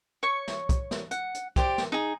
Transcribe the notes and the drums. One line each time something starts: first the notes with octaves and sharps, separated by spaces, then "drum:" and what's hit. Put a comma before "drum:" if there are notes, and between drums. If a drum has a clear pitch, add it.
C#5 C#6
drum: snare
drum: kick, hi-hat
drum: snare
F#5, drum: hi-hat
drum: hi-hat
G4 C5 D5, drum: kick, hi-hat
drum: snare
D#4 G#4